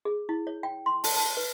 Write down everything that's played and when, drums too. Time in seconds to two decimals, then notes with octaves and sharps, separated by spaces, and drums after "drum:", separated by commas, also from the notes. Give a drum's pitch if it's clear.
0.05 G#4
0.29 E4
0.47 C#5
0.63 G5
0.86 C6
1.04 A5, drum: open hi-hat
1.16 A5
1.37 B4